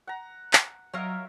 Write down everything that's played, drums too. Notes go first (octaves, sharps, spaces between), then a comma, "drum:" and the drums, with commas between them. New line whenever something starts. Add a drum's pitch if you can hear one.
F#5 A#5
drum: clap
F#3 F4 A#4 C#5 D#5 E5